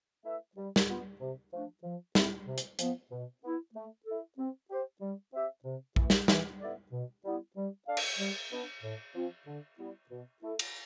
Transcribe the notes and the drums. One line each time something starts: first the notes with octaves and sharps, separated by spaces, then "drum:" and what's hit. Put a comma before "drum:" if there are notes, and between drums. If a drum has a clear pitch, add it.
A3 E4 B4 E5
G3
drum: snare
B3 F4
C3
F3 A3 D4
F3
A3 C4 E4, drum: snare
C3
drum: hi-hat
F3 B3, drum: hi-hat
B2
B3 E4
A3
E4 A4
C4
G4 C5
G3
C4 G4 C5 E5
C3
E3 A3, drum: kick A#1
drum: snare
E3, drum: snare
B3 E4 A4 D5
B2
G3 B3 E4
G3
D4 A4 D5 F5
drum: cymbal
G3
B3 D4
A2
F3 C4 F4
D3
G3 B3 E4
B2
A3 E4 A4
drum: cymbal